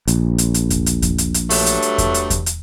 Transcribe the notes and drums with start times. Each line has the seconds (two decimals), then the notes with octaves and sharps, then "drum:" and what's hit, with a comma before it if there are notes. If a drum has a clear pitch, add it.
0.08 A#1, drum: hi-hat
0.38 drum: hi-hat
0.54 drum: hi-hat
0.70 drum: kick E2, hi-hat
0.86 drum: hi-hat
1.02 drum: kick E2, hi-hat
1.18 drum: hi-hat
1.34 drum: hi-hat
1.50 G2 F#3 A3, drum: open hi-hat
1.66 drum: hi-hat
1.82 drum: hi-hat
1.98 drum: kick E2, hi-hat
2.14 drum: hi-hat
2.30 drum: kick E2, hi-hat
2.46 drum: hi-hat